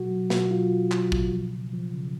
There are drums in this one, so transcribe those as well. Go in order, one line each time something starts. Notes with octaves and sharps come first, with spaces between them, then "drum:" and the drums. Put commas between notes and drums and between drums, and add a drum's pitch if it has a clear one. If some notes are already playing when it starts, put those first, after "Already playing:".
Already playing: B2 F#3 F#4
F#3
B2 F#4, drum: snare
F#3 F4
B2
F#3, drum: clap
B2, drum: kick
F3
C#3
F3
C#3